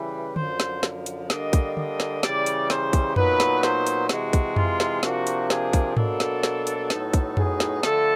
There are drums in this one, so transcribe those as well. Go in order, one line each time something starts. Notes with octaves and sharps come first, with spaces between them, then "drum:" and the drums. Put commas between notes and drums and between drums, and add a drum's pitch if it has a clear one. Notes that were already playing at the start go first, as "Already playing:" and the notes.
Already playing: C#3 E3 G3 B4
F#2 D3 F3 C5, drum: tom D3
drum: snare
drum: snare
drum: hi-hat
D3 G3 A#3 D4 D#5, drum: snare
drum: kick, hi-hat
D#5, drum: tom D3
drum: snare
C#3 E3 G3 D5, drum: snare
drum: hi-hat
C5, drum: snare
drum: kick, hi-hat
A#2 F#3 B3 D#4 B4, drum: tom F2
drum: snare
C5, drum: snare
drum: hi-hat
C3 E3 G#3 F#4, drum: snare
drum: kick, hi-hat
F4, drum: tom F2
drum: snare
C3 F3 A#3 D4 F#4, drum: snare
drum: hi-hat
G#4, drum: snare
drum: kick, hi-hat
B2 F#3 A#3 D4 A4, drum: tom G#2
drum: snare
drum: snare
drum: hi-hat
A2 F#3 B3 D#4, drum: snare
drum: kick, hi-hat
G#4, drum: tom F2
drum: snare
D3 F3 A3 A4, drum: snare